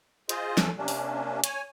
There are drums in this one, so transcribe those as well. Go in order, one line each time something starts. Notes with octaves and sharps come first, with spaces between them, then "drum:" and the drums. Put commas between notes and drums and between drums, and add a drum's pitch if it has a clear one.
F4 G#4 C5 D#5, drum: hi-hat
C#4 A4, drum: snare
C3 A#3 C#4 D4
drum: open hi-hat
C#5 G#5, drum: hi-hat